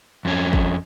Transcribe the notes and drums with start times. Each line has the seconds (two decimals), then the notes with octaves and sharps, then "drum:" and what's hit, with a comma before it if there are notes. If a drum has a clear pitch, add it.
0.25 F2 C#4
0.53 drum: kick G#1